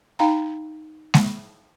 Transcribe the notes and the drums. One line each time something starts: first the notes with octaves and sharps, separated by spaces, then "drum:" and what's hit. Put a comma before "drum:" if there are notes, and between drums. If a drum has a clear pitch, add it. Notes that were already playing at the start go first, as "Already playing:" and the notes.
D#4 F5 G5 A#5
drum: snare G#3